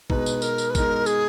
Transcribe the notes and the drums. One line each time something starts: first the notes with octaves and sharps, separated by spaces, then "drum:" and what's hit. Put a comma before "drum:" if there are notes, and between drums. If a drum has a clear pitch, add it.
B2 G#3 D#4 B4, drum: kick
drum: tambourine
A#4, drum: tambourine
drum: tambourine
B4
B2 G#3 D#4 A#4, drum: kick, tambourine
G#4, drum: tambourine